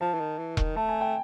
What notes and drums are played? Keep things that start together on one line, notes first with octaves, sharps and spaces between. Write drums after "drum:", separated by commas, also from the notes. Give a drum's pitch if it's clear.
F3 A5
E3
D#3
E3
D#3, drum: kick E1
A3 A5
G#5
G5